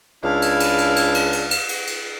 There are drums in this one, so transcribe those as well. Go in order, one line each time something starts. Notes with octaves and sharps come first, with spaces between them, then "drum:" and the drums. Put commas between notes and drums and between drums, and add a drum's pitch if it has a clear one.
C#2 D4 E4 F5
drum: cymbal
drum: cymbal
drum: cymbal
drum: cymbal
drum: cymbal
drum: cymbal
drum: cymbal
drum: cymbal
drum: cymbal